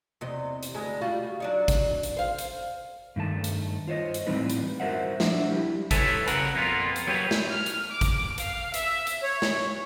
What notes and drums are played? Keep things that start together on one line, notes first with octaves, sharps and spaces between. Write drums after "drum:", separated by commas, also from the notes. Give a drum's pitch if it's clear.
E2 C3 D#5
drum: hi-hat
D2 G2 G#3
G3 F4 F#4
F#3 D4 D#4
drum: kick G#1, hi-hat
drum: hi-hat
C5 F5
drum: hi-hat
G2 D#3 A3 A5
drum: hi-hat
F4 C5 C#5 D#5
drum: hi-hat
A2 E3 G3 C4 D#4 B4
drum: hi-hat
F#4 A#4 C5 E5 F#5
F3 D4 E5, drum: snare
G3 E4 G4
A4 B4 C#5 E5 G#5 A5, drum: kick G#1, hi-hat
C#3 F#4 A#4 F#5, drum: hi-hat
F2 A#3 B3 F4
drum: hi-hat
F#3 A#3 G4 B4 C#5
drum: snare
F6
drum: hi-hat
D6
drum: kick G#1, hi-hat
F5, drum: hi-hat
E5, drum: hi-hat
drum: hi-hat
C#5
drum: snare